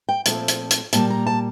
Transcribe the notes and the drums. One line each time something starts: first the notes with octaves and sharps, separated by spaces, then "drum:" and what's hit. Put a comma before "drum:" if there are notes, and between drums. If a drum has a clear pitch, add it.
G5
A#2 F3 A3 C4 A5, drum: hi-hat
drum: hi-hat
drum: hi-hat
A#2 G3 A#3 A5, drum: hi-hat
A#5
A5